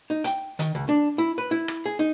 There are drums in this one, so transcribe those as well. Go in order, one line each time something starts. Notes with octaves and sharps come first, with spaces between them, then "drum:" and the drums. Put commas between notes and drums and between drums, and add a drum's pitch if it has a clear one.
D#4
G5, drum: hi-hat
D#3, drum: hi-hat
C#2
D4
E4
B4
E4
drum: rim click
G#4
D#4